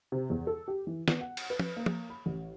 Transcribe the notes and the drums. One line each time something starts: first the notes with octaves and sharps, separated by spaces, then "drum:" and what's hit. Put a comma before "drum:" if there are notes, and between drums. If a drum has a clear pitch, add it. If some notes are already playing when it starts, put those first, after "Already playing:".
C3
E2
A4
G4
E3
B3, drum: snare
F#5
drum: cymbal
B4
drum: tom
A#3
drum: tom
B5
A1